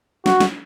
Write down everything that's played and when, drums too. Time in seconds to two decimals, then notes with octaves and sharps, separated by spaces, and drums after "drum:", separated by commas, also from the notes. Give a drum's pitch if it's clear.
0.26 F#4, drum: snare
0.40 drum: snare